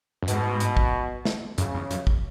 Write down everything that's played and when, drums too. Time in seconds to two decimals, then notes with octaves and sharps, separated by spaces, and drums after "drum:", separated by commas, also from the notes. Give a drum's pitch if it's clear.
0.23 F#2
0.28 G#2 B2, drum: hi-hat
0.60 drum: hi-hat
0.77 drum: kick
1.25 drum: snare
1.58 F#2 C#3, drum: hi-hat
1.74 E2
1.91 F#2, drum: hi-hat
2.07 drum: kick